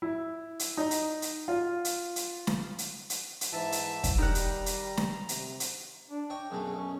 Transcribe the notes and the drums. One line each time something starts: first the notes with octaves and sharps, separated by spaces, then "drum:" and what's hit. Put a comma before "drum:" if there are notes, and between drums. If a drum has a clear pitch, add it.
E4
drum: hi-hat
D#4
drum: hi-hat
drum: hi-hat
F4
drum: hi-hat
drum: hi-hat
drum: snare
drum: hi-hat
drum: hi-hat
drum: hi-hat
G#2 E3 E5 A5
drum: hi-hat
drum: kick, hi-hat
D#3 G3 F#5 A#5
drum: hi-hat
drum: hi-hat
drum: snare
C3, drum: hi-hat
drum: hi-hat
D4
C#5 D#5 G5
F#2 B2 A3 G#4
C#4